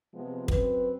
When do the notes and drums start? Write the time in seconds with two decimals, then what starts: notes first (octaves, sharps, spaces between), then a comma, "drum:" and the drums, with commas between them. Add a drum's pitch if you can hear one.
0.14 C3 F3 G#3 B3
0.48 F#2 C4 B4, drum: kick